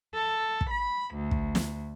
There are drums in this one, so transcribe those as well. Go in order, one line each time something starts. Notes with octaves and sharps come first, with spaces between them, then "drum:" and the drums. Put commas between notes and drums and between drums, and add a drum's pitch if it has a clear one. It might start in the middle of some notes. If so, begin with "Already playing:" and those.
A4
drum: kick
B5
D2
drum: kick
drum: snare